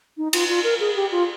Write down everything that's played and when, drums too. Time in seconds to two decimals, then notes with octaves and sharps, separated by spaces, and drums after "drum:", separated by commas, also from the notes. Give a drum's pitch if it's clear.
0.17 D#4
0.33 F4, drum: cymbal
0.49 F4
0.64 A#4
0.80 G#4
0.96 G4
1.12 F4